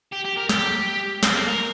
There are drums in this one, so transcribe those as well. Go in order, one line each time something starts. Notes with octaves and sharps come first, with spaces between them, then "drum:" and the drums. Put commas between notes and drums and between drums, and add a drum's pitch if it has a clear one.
G4
G4
A#4
G4, drum: snare
C4, drum: snare
A#3
A#4